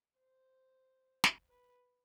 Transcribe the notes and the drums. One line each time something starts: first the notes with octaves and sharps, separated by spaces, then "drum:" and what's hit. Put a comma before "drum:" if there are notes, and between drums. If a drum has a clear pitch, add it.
C5
drum: snare
B4